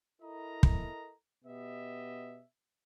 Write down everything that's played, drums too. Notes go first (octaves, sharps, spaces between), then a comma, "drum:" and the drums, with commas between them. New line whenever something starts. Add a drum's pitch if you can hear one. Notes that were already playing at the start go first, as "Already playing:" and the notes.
E4 A4 A#4 D#5 A#5
drum: kick
B2 B3 G4 D#5 E5